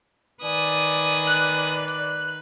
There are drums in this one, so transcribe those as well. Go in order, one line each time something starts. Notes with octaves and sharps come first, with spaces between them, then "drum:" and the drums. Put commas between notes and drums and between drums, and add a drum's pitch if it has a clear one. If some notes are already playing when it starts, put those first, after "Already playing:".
D#3 B4 D5 G#5 D#6
F#6, drum: open hi-hat
drum: open hi-hat